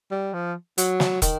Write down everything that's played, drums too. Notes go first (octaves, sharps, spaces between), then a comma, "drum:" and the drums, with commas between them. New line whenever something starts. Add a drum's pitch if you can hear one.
G3
F3
F#3, drum: hi-hat
drum: snare
D#3, drum: kick, hi-hat